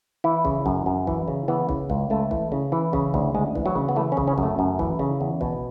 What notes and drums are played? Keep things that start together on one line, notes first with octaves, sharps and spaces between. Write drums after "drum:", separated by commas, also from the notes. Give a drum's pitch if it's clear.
E3 E4
C#3, drum: kick
F#2, drum: kick
F#2
E3, drum: kick
C#3
E3 B3
C#3, drum: kick
C#2, drum: kick
C#2 A3
E3, drum: kick
C#3
E3
C#3, drum: kick
D2, drum: kick
D2 G#3
E3, drum: kick
F#3
C#3
B3
E3 A3
C#4
C#3, drum: kick
C#4
F#2, drum: kick
A3
F#2
E3, drum: kick
C#3
E2
B2, drum: kick